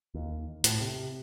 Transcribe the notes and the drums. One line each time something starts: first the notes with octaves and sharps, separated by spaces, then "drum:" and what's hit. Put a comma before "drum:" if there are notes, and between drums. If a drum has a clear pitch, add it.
D#2
A2, drum: hi-hat
C3